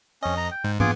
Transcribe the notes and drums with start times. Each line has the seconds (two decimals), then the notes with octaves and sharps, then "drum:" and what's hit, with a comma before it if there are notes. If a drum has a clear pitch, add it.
0.23 F2 C#4 D#5
0.37 A#5
0.51 G5
0.64 G#2
0.80 B3 F4 G#4 D6, drum: tom